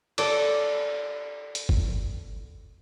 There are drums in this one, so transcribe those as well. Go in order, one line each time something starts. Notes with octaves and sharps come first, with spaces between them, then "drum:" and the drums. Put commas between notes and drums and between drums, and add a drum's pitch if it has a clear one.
A4 D5, drum: cymbal
drum: hi-hat
drum: kick G1